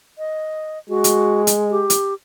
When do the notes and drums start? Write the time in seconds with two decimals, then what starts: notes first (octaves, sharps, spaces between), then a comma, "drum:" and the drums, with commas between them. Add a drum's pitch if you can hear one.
0.18 D#5
0.89 G#3 F#4
1.04 drum: hi-hat
1.47 drum: hi-hat
1.71 G4
1.90 drum: hi-hat